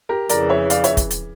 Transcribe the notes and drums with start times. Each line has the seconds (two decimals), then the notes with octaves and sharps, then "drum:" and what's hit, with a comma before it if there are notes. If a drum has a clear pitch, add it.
0.09 G4 A#4
0.29 F2 C#3 E3 A#4 D5, drum: hi-hat
0.49 C#5 E5
0.70 D5 F5, drum: hi-hat
0.84 C#5 E5, drum: hi-hat
0.97 drum: kick, hi-hat
1.11 drum: hi-hat